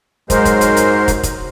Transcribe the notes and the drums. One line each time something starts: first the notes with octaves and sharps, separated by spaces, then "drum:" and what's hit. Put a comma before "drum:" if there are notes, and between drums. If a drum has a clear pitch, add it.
G#2 F#3 G#3 A#4 C5, drum: kick, hi-hat
drum: kick, hi-hat
drum: hi-hat
drum: hi-hat
drum: kick, hi-hat
drum: kick, hi-hat